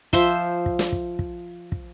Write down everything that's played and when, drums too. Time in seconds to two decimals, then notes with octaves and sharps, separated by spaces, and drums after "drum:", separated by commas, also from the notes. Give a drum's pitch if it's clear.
0.13 F3 C5 E5 C6, drum: kick
0.66 drum: kick
0.79 drum: snare
0.92 drum: kick
1.19 drum: kick
1.72 drum: kick